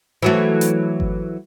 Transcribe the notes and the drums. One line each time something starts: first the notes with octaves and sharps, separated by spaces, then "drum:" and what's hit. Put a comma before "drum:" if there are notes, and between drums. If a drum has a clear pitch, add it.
E3 F#3 A3
drum: hi-hat
drum: kick G1